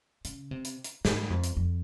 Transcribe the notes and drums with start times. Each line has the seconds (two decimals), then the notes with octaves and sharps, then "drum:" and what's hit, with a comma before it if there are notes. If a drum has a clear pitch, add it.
0.25 C#3, drum: hi-hat
0.51 C3
0.65 drum: hi-hat
0.84 drum: hi-hat
1.05 G#2, drum: snare
1.30 F2
1.44 drum: hi-hat
1.57 F2